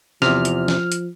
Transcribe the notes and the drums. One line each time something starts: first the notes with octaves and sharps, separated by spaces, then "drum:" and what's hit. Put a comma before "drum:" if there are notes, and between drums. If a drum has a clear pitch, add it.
E2 C3 F3 F6, drum: snare
drum: hi-hat
drum: snare
drum: hi-hat